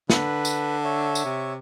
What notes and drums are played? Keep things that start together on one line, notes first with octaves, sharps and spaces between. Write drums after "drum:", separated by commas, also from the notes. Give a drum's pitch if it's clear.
D3 B4, drum: snare
drum: tambourine
C#5 E5
drum: tambourine
C3